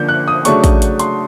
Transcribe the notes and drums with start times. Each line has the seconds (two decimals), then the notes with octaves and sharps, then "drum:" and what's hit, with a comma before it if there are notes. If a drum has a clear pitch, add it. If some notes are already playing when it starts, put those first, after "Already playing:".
Already playing: D3 F3 A#3 D4 G6
0.09 F#6
0.28 D#6
0.45 C#3 F#3 A3 D4 C#6, drum: hi-hat
0.64 drum: kick, hi-hat
0.82 drum: hi-hat
0.99 C6, drum: hi-hat